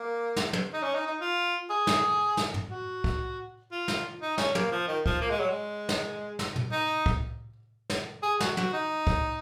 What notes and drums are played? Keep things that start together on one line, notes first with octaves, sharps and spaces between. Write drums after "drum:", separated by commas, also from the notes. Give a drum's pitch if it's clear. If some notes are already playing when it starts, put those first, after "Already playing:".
Already playing: A#3
drum: snare
drum: tom
D#4
C#4
D#4
D#4
F4
G#4
drum: snare
drum: snare
drum: tom
F#4
drum: kick
F4
drum: snare
D#4
C#4, drum: snare
A#3, drum: tom
F3
D#3
F3, drum: kick
A#3
G#3
F#3
G#3
drum: snare
drum: snare
drum: tom
D#4
drum: kick
drum: snare
G#4
F#4, drum: snare
F#4, drum: tom
D#4
drum: kick